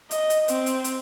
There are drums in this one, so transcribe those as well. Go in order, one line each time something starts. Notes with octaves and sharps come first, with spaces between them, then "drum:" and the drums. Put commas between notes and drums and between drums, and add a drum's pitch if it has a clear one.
D#5, drum: hi-hat
drum: hi-hat
C4, drum: hi-hat
drum: hi-hat
drum: hi-hat